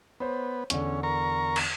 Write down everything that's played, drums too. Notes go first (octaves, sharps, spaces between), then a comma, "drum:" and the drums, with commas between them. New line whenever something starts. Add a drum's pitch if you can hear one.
B3 C5 C#5
E2 D3 C#4, drum: hi-hat
A#4 A#5 C#6
drum: cymbal